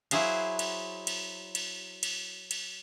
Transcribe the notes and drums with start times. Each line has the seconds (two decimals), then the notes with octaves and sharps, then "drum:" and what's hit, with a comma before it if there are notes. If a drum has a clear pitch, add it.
0.11 F#3 E4 G#4 C5 F5, drum: cymbal
0.59 drum: cymbal
1.07 drum: cymbal
1.55 drum: cymbal
2.03 drum: cymbal
2.51 drum: cymbal